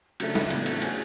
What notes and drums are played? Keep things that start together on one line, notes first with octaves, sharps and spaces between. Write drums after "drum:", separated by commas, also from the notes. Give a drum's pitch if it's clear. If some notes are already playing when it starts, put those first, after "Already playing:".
C#3 F#3 A3 D4, drum: cymbal
drum: snare
A2 E3 B3 D4, drum: cymbal
F#4, drum: cymbal
A2 G#3 C#4 G#4, drum: cymbal